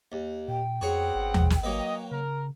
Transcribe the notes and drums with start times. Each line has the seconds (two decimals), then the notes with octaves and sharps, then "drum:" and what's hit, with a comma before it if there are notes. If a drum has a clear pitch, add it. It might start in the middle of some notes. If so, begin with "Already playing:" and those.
0.12 D#2
0.48 A#2 G5
0.81 F2 B3 C4 F#4 G#4 C#5 F#5
1.15 G#1
1.34 drum: tom D#2
1.50 drum: snare
1.63 F#3 A#3 B4 D#5
2.11 C#3 A#4